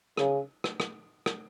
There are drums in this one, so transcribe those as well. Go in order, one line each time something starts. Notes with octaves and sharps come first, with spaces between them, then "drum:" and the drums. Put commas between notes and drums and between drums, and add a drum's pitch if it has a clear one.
C#3, drum: rim click
drum: rim click
drum: rim click
drum: rim click